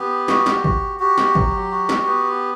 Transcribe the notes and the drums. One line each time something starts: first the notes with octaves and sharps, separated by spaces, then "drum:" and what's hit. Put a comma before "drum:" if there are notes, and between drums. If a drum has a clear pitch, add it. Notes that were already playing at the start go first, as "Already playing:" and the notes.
Already playing: B3 G4
F#4, drum: snare
drum: snare
F#4, drum: kick
F#4 G4
drum: snare
F#3, drum: kick
F#4
drum: snare
B3